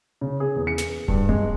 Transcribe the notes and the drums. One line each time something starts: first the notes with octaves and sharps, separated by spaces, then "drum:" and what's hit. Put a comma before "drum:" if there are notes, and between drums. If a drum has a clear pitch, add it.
C#3
G#4
E2
C#7
drum: snare
G2, drum: kick
G#3, drum: kick